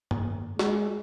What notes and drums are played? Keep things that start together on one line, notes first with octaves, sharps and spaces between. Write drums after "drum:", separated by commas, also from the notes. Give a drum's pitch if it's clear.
drum: tom G2
G#3, drum: snare